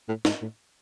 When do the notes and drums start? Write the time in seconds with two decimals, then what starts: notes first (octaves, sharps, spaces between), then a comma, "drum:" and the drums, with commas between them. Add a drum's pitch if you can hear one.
0.08 A2
0.25 G#2, drum: snare
0.42 A2